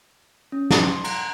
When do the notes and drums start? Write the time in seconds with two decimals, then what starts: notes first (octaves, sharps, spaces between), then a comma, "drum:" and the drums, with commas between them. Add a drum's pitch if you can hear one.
0.52 C#4
0.70 drum: snare
0.83 C6
1.04 A#5, drum: cymbal